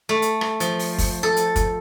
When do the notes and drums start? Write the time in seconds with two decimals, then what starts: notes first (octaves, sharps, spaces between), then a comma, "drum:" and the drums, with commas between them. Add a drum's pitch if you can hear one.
0.09 A3
0.22 drum: hi-hat
0.41 drum: rim click
0.60 F3, drum: hi-hat
0.79 drum: open hi-hat
0.98 drum: kick, open hi-hat
1.23 A4
1.37 drum: hi-hat
1.56 drum: kick, hi-hat